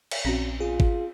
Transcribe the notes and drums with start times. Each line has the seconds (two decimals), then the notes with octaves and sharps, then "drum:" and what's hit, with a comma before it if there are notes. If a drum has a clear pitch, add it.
0.11 drum: cymbal
0.25 A#1 C4 C#4 F#4 A#6
0.60 F4 G#4
0.80 drum: kick